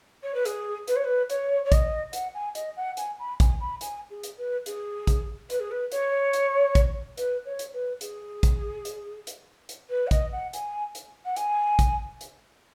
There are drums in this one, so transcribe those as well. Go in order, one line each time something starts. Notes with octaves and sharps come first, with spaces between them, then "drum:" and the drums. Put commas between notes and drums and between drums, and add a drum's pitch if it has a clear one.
C#5
B4
G#4, drum: hi-hat
B4, drum: hi-hat
C#5
B4
C#5, drum: hi-hat
C#5
D#5, drum: kick, hi-hat
F#5, drum: hi-hat
G#5
D#5, drum: hi-hat
F#5
G#5, drum: hi-hat
B5
G#5, drum: kick, hi-hat
B5
G#5, drum: hi-hat
G#4
drum: hi-hat
B4
G#4, drum: hi-hat
drum: kick, hi-hat
B4, drum: hi-hat
G#4
B4
C#5, drum: hi-hat
drum: hi-hat
drum: kick, hi-hat
B4, drum: hi-hat
C#5
drum: hi-hat
B4
G#4, drum: hi-hat
drum: kick, hi-hat
drum: hi-hat
drum: hi-hat
drum: hi-hat
B4
F#5
D#5, drum: kick, hi-hat
F#5
G#5, drum: hi-hat
drum: hi-hat
F#5
G#5, drum: hi-hat
drum: kick, hi-hat
drum: hi-hat